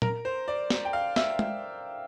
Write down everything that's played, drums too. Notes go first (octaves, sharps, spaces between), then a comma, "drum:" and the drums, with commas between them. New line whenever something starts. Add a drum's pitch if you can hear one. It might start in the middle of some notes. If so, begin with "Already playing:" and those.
A#4, drum: tom A#2
C5
D5
drum: snare
G5
F5
E5, drum: snare
drum: tom